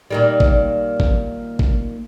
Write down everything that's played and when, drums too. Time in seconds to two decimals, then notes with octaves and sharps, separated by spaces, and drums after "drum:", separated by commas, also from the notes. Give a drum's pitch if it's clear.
0.10 A#2 D#3 G3
0.40 drum: kick G#1
1.00 drum: kick G#1
1.59 drum: kick G#1